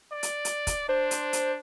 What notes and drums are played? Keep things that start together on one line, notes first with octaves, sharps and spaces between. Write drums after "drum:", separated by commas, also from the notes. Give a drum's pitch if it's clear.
D5
drum: hi-hat
drum: hi-hat
drum: kick, hi-hat
D4 C5
drum: hi-hat
drum: hi-hat